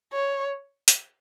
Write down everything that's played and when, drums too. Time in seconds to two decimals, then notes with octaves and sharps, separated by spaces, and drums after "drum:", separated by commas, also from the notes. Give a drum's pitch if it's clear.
0.13 C#5
0.88 drum: hi-hat